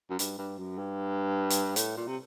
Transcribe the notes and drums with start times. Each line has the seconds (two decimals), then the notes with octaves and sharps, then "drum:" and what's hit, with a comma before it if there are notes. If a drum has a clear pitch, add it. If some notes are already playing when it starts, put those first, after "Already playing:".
0.10 F#2
0.19 G2, drum: hi-hat
0.38 G2
0.58 F#2
0.78 G2
1.50 drum: hi-hat
1.76 A2, drum: hi-hat
1.97 A#2
2.07 C3